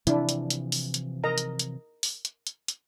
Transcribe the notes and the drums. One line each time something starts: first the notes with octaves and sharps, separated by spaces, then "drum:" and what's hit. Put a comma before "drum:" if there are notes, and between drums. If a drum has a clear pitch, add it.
C3 E3 F3 D4 E4, drum: hi-hat
drum: hi-hat
drum: hi-hat
drum: open hi-hat
drum: hi-hat
A#4 D#5 A#5
drum: hi-hat
drum: hi-hat
drum: open hi-hat
drum: hi-hat
drum: hi-hat
drum: hi-hat